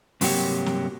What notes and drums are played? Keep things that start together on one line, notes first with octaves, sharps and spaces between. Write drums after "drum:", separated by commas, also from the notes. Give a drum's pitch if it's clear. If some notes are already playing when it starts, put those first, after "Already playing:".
G2 C3 F#3 A#3 G4 C#5, drum: open hi-hat
drum: snare